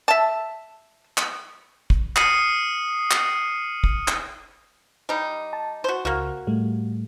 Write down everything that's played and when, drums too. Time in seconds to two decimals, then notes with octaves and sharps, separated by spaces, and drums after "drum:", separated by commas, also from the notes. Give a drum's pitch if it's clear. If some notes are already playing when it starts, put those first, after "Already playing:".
0.08 E5 A5
1.17 drum: clap
1.90 drum: kick
2.16 D#6 F6 C7 C#7 D#7, drum: clap
3.11 drum: clap
3.84 drum: kick
4.08 drum: clap
5.09 G3 D#4
5.53 A5
5.84 F#4 C5
6.05 C#2 A#3 F#4 F6
6.47 A2 G3 A3